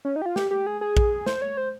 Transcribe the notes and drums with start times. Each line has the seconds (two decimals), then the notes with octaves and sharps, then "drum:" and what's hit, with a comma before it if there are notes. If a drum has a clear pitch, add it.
0.05 C#4
0.16 D#4
0.22 G4
0.26 F4
0.36 G4, drum: snare
0.51 G4
0.67 G#4
0.81 G#4
0.97 drum: kick
1.26 C5, drum: snare
1.42 C#5
1.57 C5